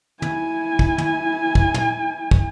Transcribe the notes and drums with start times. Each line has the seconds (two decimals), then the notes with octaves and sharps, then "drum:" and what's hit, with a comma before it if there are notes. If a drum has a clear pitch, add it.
0.22 E4 G#5, drum: tom
0.79 drum: kick
0.98 drum: tom
1.55 drum: kick
1.74 drum: tom
2.31 drum: kick